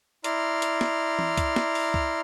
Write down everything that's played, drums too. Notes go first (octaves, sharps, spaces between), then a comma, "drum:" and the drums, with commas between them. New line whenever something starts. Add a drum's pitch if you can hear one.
E4 D5 A#5 C6 F6, drum: hi-hat
drum: hi-hat
drum: snare
drum: tom E3
drum: kick C2, hi-hat
drum: snare
drum: open hi-hat
drum: kick C2